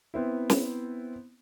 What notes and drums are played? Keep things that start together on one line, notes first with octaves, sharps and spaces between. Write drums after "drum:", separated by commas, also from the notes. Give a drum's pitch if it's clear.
B3 C4 E4
drum: snare